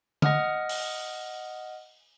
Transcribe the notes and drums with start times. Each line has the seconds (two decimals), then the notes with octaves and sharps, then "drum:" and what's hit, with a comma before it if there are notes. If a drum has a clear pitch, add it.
0.22 D#5 F#5 D#6 F6, drum: tom
0.69 drum: open hi-hat